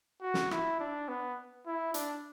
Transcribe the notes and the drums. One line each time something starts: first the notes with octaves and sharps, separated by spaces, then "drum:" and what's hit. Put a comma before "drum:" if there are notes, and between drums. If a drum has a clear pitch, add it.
F#4
drum: snare
E4, drum: rim click
D4
B3
E4
D4, drum: hi-hat